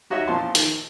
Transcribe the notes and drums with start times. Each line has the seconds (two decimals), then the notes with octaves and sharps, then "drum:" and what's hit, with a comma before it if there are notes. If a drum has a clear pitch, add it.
0.10 D#4 F#4 C#5 D#5 E5
0.27 A#2 E3 F3 F5 A5 C6
0.55 D#3, drum: hi-hat